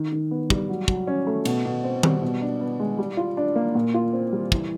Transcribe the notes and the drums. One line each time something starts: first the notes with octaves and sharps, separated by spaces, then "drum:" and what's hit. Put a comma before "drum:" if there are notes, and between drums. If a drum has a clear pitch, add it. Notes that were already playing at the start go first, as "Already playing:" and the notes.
Already playing: D#3
D#3
B3
G3, drum: kick
F#3
F#3, drum: kick
C#4
A3
B2, drum: cymbal
B2
C4
G3, drum: tom D#3
B2
D4
B3
G#3
G3
F4
D4
A#3
A#2
F4
C4
G3
E3, drum: kick